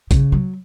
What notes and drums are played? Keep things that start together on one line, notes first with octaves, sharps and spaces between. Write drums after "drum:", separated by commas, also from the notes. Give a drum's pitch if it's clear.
C#3, drum: kick, hi-hat
F#3